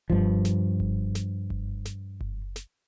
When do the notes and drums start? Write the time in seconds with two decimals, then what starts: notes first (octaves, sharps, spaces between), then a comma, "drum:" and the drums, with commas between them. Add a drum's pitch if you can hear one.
0.10 G2 F3, drum: kick F#1
0.45 drum: snare
0.80 drum: kick F#1
1.15 drum: snare
1.50 drum: kick F#1
1.85 drum: snare
2.21 drum: kick F#1
2.56 drum: snare